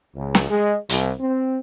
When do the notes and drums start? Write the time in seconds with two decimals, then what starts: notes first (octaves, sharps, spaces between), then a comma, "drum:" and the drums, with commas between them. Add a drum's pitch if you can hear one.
0.16 C#2
0.35 drum: snare
0.50 G#3
0.89 C2, drum: hi-hat
1.20 C4